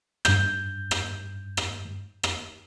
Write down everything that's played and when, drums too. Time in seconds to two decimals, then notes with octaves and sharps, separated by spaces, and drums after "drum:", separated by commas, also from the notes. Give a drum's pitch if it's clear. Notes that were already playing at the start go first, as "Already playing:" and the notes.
0.25 G2 G6, drum: rim click
0.91 drum: rim click
1.57 drum: rim click
2.23 drum: rim click